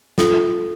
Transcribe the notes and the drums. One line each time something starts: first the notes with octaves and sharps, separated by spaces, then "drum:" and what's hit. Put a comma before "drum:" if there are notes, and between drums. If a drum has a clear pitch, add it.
F4 A4, drum: snare